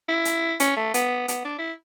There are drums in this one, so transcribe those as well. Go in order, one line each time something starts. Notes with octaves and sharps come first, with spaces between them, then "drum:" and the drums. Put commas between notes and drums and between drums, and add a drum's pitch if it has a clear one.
E4
drum: hi-hat
C#4, drum: hi-hat
A3
B3, drum: hi-hat
B3, drum: hi-hat
D4
E4